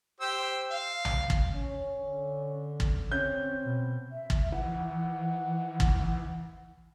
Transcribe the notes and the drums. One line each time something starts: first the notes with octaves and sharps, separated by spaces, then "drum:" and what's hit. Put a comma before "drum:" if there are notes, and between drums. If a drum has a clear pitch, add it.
G4 C5 E6
F5
drum: tom B1
drum: kick
C#4
D3
drum: kick
C4 C#4 G6
B2
E5
drum: kick
E3 F#5
drum: kick